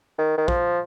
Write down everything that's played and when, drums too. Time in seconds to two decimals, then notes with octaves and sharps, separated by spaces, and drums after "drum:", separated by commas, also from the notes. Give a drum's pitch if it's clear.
0.18 D#3
0.37 D#3
0.48 F3, drum: kick